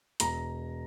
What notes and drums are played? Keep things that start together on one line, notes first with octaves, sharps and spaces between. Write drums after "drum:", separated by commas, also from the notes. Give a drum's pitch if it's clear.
E1 A#5, drum: hi-hat